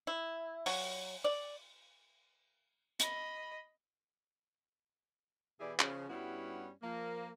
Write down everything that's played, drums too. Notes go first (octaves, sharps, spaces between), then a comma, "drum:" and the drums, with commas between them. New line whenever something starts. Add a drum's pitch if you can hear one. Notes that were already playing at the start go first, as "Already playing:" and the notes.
E4
F#3, drum: open hi-hat
D5
D#5 B5, drum: hi-hat
B2 E3 E4 G4 G#4 D5
C#3 F3, drum: clap
G2 G3 B3 C#4 E4 F#4
F3 A#3